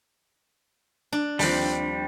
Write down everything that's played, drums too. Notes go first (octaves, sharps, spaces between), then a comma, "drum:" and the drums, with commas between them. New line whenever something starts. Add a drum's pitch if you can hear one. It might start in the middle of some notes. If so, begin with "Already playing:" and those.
D4
D#2 F3 G3 C4, drum: open hi-hat